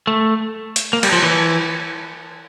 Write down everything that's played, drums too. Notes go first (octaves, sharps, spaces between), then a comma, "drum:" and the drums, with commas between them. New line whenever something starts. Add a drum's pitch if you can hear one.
A3
drum: hi-hat
A#3
G3, drum: cymbal
F3
E3